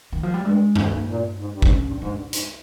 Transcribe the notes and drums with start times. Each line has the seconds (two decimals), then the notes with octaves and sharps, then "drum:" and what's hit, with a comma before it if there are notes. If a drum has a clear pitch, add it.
0.12 D#3
0.23 F3
0.34 G3
0.44 G2 G#3
0.76 G#2, drum: tom G2
0.92 A#3
1.07 A#2
1.39 G#2
1.51 G2
1.62 G#2, drum: kick
1.69 C#4
1.86 G2
1.99 G#2 D#4
2.09 G2
2.29 G2
2.33 G#2, drum: hi-hat